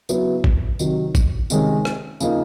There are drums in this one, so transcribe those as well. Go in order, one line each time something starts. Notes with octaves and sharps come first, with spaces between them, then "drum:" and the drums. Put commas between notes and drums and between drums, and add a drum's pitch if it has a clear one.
C#3 F#3 B3 E4, drum: tambourine
drum: kick A1
C3 D#3 F#3, drum: tambourine
drum: kick A1, tambourine
C3 D#3 G#3 C#4, drum: tambourine
drum: rim click
C#3 F3 A#3 D#4, drum: tambourine